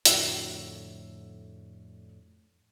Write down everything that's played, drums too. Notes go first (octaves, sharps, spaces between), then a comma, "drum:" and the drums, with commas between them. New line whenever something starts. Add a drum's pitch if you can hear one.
F2 A2 D3 F#4 E6 C7, drum: hi-hat